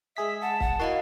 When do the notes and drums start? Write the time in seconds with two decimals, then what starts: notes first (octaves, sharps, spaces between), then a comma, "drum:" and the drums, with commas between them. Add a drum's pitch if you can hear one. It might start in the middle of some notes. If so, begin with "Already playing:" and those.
0.17 G#3 G#4 E5 D#6 B6
0.41 F#5 A5
0.60 F#5, drum: kick C#1
0.80 E4 F#4 A#4 D#5 F5